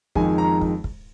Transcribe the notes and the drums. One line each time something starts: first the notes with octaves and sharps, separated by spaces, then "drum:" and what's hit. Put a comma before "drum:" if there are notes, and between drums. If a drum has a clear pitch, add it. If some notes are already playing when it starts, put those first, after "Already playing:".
F2 D#3 G#3 D#4 G#5, drum: kick
A#5
drum: kick
drum: kick